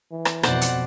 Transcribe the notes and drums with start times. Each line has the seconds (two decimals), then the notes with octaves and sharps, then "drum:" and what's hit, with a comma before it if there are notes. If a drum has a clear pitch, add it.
0.12 E3
0.25 drum: rim click
0.43 F2 B2 C5 D5 F#5, drum: rim click
0.61 drum: hi-hat